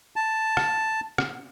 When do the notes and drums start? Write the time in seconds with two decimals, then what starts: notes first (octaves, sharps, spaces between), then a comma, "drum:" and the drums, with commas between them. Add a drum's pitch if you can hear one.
0.16 A5
0.57 drum: rim click
1.18 drum: rim click